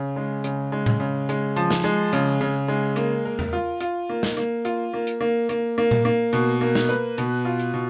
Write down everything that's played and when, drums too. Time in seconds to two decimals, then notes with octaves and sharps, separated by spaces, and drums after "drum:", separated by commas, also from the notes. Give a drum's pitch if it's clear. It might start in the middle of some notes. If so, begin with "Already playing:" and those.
Already playing: C#3
0.16 G#3
0.44 C#3, drum: hi-hat
0.72 G#3
0.86 drum: tom A2
1.00 C#3
1.29 G#3, drum: hi-hat
1.56 F3
1.70 drum: snare
1.84 G#3
2.13 C#3, drum: hi-hat
2.41 C#3
2.68 G#3
2.96 A#3, drum: hi-hat
3.25 A#4
3.39 drum: tom E2
3.53 F4
3.81 F4, drum: hi-hat
4.10 A#3
4.23 drum: snare
4.37 A#3
4.65 F4, drum: hi-hat
4.94 A#3
5.07 drum: hi-hat
5.21 A#3
5.49 A#3, drum: hi-hat
5.78 A#3
5.91 drum: tom A#2
6.05 A#3
6.33 B2, drum: hi-hat
6.61 A#3
6.75 drum: snare
6.89 B4
7.18 B2, drum: hi-hat
7.45 F4
7.60 drum: hi-hat
7.74 B2